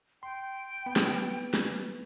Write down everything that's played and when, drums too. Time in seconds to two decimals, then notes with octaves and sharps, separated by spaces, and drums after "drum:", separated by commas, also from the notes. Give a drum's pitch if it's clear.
0.23 G5 C6
0.86 B3 B4
0.96 drum: snare
1.54 drum: snare